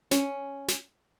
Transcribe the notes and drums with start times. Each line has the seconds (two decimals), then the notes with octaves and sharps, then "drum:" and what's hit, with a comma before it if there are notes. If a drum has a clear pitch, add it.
0.11 C#4, drum: snare
0.68 drum: snare